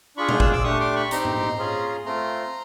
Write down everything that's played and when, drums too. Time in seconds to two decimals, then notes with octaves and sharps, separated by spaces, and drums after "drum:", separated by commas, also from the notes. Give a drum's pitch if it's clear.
0.17 D4 F4 G#4 B5 C#6
0.29 F6 G6, drum: tom A#2
0.40 E6 F#6, drum: kick G#1
0.52 D6 E6
0.64 A3 D4 G4 C#6 D#6
0.80 C6 D6
0.96 B5 C#6
1.11 C4 D#4 G4 A#5 C6, drum: hi-hat
1.25 drum: tom
1.58 C#4 F4 G#4
2.05 A3 C4 F4 A#5 C6